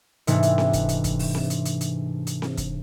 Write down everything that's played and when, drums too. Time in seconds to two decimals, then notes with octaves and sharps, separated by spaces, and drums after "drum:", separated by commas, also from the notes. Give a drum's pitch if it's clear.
0.27 G#2 C3 E3 A3 D4, drum: hi-hat
0.43 drum: hi-hat
0.58 drum: snare C4
0.73 drum: kick, hi-hat
0.89 drum: hi-hat
1.04 drum: kick, hi-hat
1.19 drum: open hi-hat
1.35 drum: snare C4
1.50 drum: hi-hat
1.65 drum: hi-hat
1.81 drum: hi-hat
2.27 drum: hi-hat
2.42 drum: snare C4
2.57 drum: kick, hi-hat